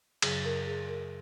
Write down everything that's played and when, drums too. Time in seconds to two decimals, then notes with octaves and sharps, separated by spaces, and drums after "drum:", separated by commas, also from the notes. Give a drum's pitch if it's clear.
0.22 F#2 C#3 F#3 G#4, drum: cymbal
0.45 A#4
0.67 G#4
0.89 A#4